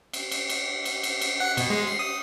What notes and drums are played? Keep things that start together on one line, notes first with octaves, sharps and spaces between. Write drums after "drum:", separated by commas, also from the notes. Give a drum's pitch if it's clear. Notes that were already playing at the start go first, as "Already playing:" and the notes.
drum: cymbal
drum: cymbal
drum: cymbal
drum: cymbal
drum: cymbal
drum: cymbal
F#5
B2, drum: cymbal
G#3
C7
D#6